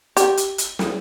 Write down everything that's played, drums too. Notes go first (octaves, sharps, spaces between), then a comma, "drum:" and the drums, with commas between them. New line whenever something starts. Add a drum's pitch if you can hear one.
G4, drum: hi-hat
drum: hi-hat
drum: hi-hat
drum: snare